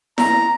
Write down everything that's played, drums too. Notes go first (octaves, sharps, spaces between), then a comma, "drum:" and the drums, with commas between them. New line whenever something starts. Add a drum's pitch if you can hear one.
A#5, drum: snare E4